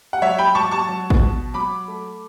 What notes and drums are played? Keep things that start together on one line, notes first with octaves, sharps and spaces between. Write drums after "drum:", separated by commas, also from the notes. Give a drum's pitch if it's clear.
F#5
F#3 C#5 E5
G5 B5
F#3 A5 C#6
A5 C#6
F#3
drum: kick
B2
F#3 B5 D6
A3